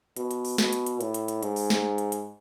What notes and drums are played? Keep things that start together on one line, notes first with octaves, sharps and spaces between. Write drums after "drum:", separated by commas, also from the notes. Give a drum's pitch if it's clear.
B2, drum: hi-hat
drum: hi-hat
drum: open hi-hat
B2, drum: snare
drum: hi-hat
drum: hi-hat
A2, drum: hi-hat
drum: hi-hat
drum: hi-hat
G#2, drum: hi-hat
drum: open hi-hat
drum: snare
drum: hi-hat
drum: hi-hat